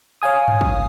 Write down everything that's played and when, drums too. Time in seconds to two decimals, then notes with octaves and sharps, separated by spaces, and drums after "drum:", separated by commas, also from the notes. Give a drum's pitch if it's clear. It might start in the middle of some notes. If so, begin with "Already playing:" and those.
0.22 C#5 F5 G#5 D#6
0.48 drum: tom G2
0.61 drum: kick